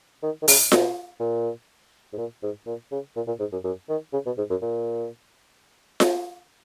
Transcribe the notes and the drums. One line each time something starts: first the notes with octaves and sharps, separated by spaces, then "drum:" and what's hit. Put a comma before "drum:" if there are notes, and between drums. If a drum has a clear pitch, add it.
D#3
D#3
C#3, drum: open hi-hat
B2, drum: snare F4
A#2
G#2
A#2
G#2
A#2
C#3
A#2
A#2
G#2
F#2
F#2
D#3
C#3
B2
G#2
F#2
A#2
drum: snare F4